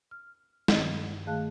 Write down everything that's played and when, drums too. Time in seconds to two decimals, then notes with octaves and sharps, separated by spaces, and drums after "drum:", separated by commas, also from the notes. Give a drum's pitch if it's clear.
0.11 F6
0.68 G2 D#3 C4 D#5, drum: snare
1.26 D#3 A3 G#4 F5 A5 F#6